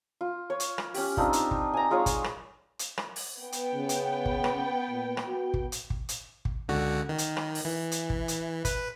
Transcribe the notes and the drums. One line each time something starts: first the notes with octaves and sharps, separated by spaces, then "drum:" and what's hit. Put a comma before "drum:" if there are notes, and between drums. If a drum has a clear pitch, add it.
F4
C#5
drum: hi-hat
drum: rim click
C#4 G4, drum: open hi-hat
C4 D4 D#4 F4, drum: kick
drum: hi-hat
drum: kick
G#5 A#5
G#3 F4 G#4 C#5
drum: kick, hi-hat
drum: rim click
drum: hi-hat
drum: rim click
drum: open hi-hat
B3 G5
drum: hi-hat
C#3
drum: hi-hat
drum: kick
drum: rim click
A#2
drum: rim click
F#4
drum: kick
drum: hi-hat
drum: kick
drum: hi-hat
drum: kick
C#2 D3 F#4
D#3
drum: hi-hat
drum: rim click
drum: open hi-hat
E3
drum: hi-hat
drum: kick
drum: hi-hat
B4, drum: kick, hi-hat